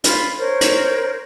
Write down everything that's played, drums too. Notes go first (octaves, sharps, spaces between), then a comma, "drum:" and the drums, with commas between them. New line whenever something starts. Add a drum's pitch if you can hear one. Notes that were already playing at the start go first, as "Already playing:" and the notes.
F4 B5, drum: hi-hat
A#4 C5 C#5
drum: hi-hat